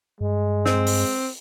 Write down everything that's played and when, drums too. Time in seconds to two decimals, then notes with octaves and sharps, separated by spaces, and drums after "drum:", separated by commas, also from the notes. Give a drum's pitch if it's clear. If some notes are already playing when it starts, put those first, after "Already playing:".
0.21 G2 G#3
0.66 C4, drum: snare
0.87 drum: open hi-hat